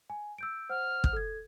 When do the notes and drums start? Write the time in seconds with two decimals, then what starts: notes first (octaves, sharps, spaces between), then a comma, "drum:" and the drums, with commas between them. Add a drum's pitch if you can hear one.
0.10 G#5
0.38 E6 G6 D7
0.69 C5 F#5 F6
1.04 drum: kick
1.13 A4 G#6